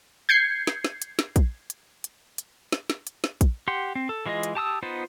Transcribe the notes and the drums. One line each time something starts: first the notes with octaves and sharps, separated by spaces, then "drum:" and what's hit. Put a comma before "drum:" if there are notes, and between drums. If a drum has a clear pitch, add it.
G6 G#6 C7 C#7
drum: snare
drum: snare
drum: hi-hat
drum: snare
drum: kick A#1, hi-hat
drum: hi-hat
drum: hi-hat
drum: hi-hat
drum: snare
drum: snare
drum: hi-hat
drum: snare
drum: kick A#1, hi-hat
G4 F#5 C6
C4
A4
E3 G#3 F4 G#4 D#5
drum: hi-hat
G4 A5 D#6 E6
B3 D#4 F4 B4 C5